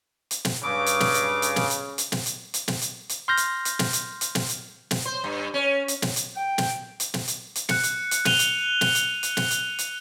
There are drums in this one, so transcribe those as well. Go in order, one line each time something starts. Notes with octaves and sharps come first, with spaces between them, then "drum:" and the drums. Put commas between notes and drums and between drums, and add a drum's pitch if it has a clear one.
drum: hi-hat
drum: snare
G2 C#3 D6
drum: hi-hat
drum: snare
drum: hi-hat
drum: hi-hat
drum: snare
drum: hi-hat
drum: hi-hat
drum: snare
drum: hi-hat
drum: hi-hat
drum: snare
drum: hi-hat
drum: hi-hat
C6 F6 G6 A#6
drum: hi-hat
drum: hi-hat
drum: snare
drum: hi-hat
drum: hi-hat
drum: snare
drum: hi-hat
drum: snare
C5
G2
C#4
drum: hi-hat
drum: snare
drum: hi-hat
G5
drum: snare
drum: hi-hat
drum: snare
drum: hi-hat
drum: hi-hat
F#6 C#7, drum: snare
drum: hi-hat
drum: hi-hat
F#6 D#7 F7 G7, drum: snare
drum: hi-hat
drum: snare
drum: hi-hat
drum: hi-hat
drum: snare
drum: hi-hat
drum: hi-hat